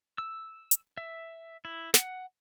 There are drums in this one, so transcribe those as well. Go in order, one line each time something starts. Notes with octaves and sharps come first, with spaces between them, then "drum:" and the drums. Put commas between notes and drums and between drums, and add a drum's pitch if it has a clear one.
E6
drum: hi-hat
E5
E4
F#5, drum: snare